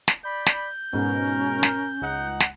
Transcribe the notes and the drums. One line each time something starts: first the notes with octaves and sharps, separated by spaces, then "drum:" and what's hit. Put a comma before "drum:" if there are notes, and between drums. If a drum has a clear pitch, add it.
drum: snare
D5 B5 G6
drum: snare
G#2 B2 C#4 A#4
drum: snare
C#2 D#4 F#5
drum: snare